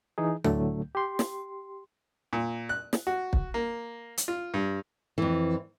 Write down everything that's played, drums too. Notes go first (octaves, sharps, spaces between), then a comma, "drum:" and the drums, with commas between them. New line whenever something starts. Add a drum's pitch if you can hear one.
E3 D#4 G#4
A2 D3 F#3 A3, drum: tom D2
G4 C6
drum: snare
A#2
F#6
drum: snare
F#4
drum: kick
A#3
drum: hi-hat
F4
G2
F2 E3